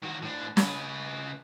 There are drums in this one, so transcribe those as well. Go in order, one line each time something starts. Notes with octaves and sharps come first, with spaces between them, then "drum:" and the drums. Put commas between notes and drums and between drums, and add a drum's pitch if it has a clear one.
D#3 F#4
A2 D4
C#3 B4, drum: snare